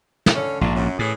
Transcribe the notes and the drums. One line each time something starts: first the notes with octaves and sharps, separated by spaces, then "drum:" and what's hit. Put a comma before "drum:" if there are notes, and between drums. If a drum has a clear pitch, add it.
drum: snare
D3 C#4
A#1 G#2 D4 F4
F#2
A2 E3 C#4 G#4